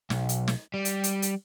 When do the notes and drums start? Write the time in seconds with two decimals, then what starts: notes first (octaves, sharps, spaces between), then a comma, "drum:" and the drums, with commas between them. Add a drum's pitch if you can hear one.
0.10 B1, drum: snare
0.29 drum: hi-hat
0.48 drum: snare
0.74 G3
0.85 drum: hi-hat
1.04 drum: hi-hat
1.22 drum: hi-hat